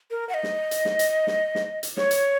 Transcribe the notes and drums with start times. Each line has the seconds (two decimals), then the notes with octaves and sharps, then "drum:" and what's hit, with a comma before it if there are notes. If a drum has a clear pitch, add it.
0.11 A#4
0.29 F#5
0.34 D#5
0.43 drum: snare
0.71 drum: hi-hat
0.85 drum: snare
0.99 drum: hi-hat
1.27 drum: snare
1.55 drum: snare
1.83 drum: hi-hat
1.97 C#5, drum: snare
2.11 drum: hi-hat